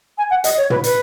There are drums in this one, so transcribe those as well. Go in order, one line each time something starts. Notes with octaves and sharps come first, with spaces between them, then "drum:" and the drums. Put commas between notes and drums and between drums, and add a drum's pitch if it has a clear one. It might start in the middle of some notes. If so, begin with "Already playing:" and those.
G#5
F#5
D#5, drum: hi-hat
C#5
B4, drum: tom
B4, drum: hi-hat